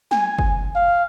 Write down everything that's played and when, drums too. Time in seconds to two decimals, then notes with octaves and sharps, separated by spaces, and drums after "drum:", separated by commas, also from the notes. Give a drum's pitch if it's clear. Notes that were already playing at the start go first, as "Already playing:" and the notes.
0.11 G#5, drum: snare
0.39 drum: kick F#1
0.75 F5